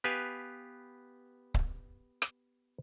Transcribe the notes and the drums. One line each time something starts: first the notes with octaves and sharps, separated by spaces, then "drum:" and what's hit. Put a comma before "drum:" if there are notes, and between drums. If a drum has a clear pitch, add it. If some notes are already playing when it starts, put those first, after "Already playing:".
B3 G4 B4 F5 G#5
drum: kick C#1
drum: rim click